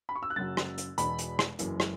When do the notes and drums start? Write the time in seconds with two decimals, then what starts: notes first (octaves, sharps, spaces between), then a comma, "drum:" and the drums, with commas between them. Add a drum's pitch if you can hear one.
0.09 B5
0.16 C#6
0.23 E6
0.30 F#6
0.36 F#1 F#2 C#3 F#3 A6
0.57 drum: rim click
0.78 drum: hi-hat
0.98 E1 E2 B2 B5, drum: hi-hat
1.19 drum: hi-hat
1.39 drum: rim click
1.59 F#1 F#2 E3, drum: hi-hat
1.80 drum: rim click